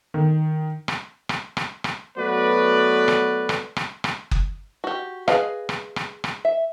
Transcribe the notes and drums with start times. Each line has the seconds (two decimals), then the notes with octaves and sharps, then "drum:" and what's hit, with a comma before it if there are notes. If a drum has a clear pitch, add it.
0.14 D#3
0.88 drum: rim click
1.29 drum: rim click
1.57 drum: rim click
1.84 drum: rim click
2.18 F#3 A3 B3 F#4 B4 D5
3.08 drum: rim click
3.49 drum: rim click
3.76 drum: rim click
4.04 drum: rim click
4.31 drum: kick F#1
4.84 F#4 G4
5.28 G#4 B4 D#5 F5, drum: rim click
5.69 drum: rim click
5.96 drum: rim click
6.24 drum: rim click
6.45 E5